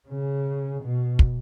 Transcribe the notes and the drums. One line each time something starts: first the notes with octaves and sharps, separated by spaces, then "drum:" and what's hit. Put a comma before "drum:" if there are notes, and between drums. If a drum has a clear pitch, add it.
C#3
B2
drum: kick